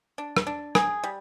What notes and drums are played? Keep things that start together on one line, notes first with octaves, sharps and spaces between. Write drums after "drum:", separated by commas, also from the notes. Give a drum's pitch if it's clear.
D4
drum: rim click
D4
G#4, drum: rim click
G3